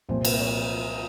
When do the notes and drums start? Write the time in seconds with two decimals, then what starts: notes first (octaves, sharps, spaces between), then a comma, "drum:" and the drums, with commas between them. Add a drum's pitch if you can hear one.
0.09 C2 A#2 F3 C5
0.25 B4, drum: cymbal
0.40 C#5